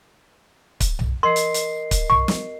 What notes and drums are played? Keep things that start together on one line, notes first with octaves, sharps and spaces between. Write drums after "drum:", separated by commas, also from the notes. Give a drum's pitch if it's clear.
drum: kick C#1, hi-hat
drum: tom B1
A#4 D#5 C6 C7
drum: hi-hat
drum: hi-hat
drum: kick C#1, hi-hat
C#6, drum: tom B1
drum: snare